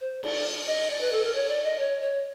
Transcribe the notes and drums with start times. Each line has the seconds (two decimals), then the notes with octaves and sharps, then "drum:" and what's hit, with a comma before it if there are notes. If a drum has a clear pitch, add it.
0.01 C5
0.23 D5, drum: cymbal
0.67 D#5
0.90 D5
1.01 B4
1.12 A4
1.24 A#4
1.35 C#5
1.49 D5
1.64 D#5
1.79 C#5
2.01 C#5